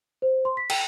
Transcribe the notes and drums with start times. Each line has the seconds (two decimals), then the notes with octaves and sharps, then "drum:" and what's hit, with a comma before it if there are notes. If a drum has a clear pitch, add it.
0.22 C5
0.45 C6
0.57 B6
0.70 G5, drum: cymbal